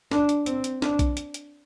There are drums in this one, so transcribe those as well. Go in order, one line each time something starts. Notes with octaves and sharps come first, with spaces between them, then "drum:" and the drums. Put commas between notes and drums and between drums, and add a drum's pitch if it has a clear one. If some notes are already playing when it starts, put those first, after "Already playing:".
D4, drum: snare
drum: hi-hat
C4, drum: hi-hat
drum: hi-hat
D4, drum: snare
drum: kick B1, hi-hat
drum: hi-hat
drum: hi-hat